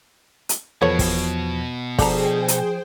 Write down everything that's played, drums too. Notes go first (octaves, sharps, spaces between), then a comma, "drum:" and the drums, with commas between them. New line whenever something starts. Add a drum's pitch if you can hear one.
drum: hi-hat
E2 B2 F3 A4 B4 C#5 G#6
drum: kick, open hi-hat
D3 F3 G#4 A4 C5 G5 A#5, drum: kick, open hi-hat
drum: hi-hat